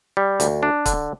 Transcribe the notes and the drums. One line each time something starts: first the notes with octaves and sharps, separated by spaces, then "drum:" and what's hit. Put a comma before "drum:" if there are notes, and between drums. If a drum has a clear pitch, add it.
G3
D2, drum: hi-hat
D4
D3, drum: kick, hi-hat